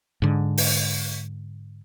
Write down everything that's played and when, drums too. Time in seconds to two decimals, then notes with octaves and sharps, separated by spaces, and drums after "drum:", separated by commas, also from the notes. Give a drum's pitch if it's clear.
0.22 G#2 D3
0.58 drum: open hi-hat